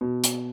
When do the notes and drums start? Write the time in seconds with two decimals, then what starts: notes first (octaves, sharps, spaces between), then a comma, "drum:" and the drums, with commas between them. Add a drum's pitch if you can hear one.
0.01 B2
0.24 drum: hi-hat